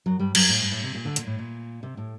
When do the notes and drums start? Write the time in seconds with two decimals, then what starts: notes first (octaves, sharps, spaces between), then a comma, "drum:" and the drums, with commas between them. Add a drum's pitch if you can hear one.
0.06 F#2 F#3
0.19 G2 G3
0.35 F#2 F#3, drum: cymbal
0.49 A2
0.60 G2
0.71 A2
0.83 C3
0.95 A#2
1.05 D2 D3
1.16 A#2, drum: hi-hat
1.27 A2
1.39 A#2
1.83 C3
1.97 A2